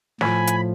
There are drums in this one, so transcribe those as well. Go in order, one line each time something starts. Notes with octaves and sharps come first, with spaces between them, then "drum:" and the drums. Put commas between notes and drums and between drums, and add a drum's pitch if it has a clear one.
A2 F3 G#5 B5, drum: snare
drum: hi-hat